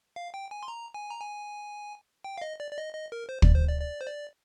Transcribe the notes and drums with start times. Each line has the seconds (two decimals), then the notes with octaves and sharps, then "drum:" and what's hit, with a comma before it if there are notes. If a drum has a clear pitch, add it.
0.16 F5
0.34 G5
0.51 G#5
0.63 C6
0.68 A#5
0.94 G#5
1.10 A#5
1.20 G#5
2.24 G5
2.38 F5
2.42 D#5
2.60 D5
2.71 D5
2.77 D#5
2.94 D#5
3.12 A#4
3.29 C5
3.42 D5, drum: kick
3.55 C5
3.68 D5
3.81 D5
4.01 C5
4.07 D5